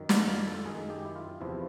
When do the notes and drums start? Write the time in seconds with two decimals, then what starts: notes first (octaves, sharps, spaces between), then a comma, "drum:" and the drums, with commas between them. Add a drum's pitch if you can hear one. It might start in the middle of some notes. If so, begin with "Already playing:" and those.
Already playing: F#2 D#3
0.09 F4, drum: snare
0.28 F4
0.47 A4
0.65 F#2 D#3 G#4
0.90 G4
1.05 E4
1.16 F4
1.41 E2 C3 F3 E4